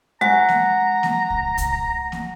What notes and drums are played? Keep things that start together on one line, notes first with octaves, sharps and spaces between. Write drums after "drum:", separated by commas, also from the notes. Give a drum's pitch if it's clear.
G#3 F#5 A#5
drum: snare A#3
drum: snare A#3
drum: kick C2
drum: kick C2, hi-hat
drum: snare A#3